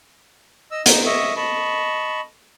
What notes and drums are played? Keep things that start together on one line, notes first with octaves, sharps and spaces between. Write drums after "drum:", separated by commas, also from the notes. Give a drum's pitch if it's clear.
D#5 E6
D#4, drum: hi-hat
D#5 E5 C#6 D#6
D#5 A5 B5 C#6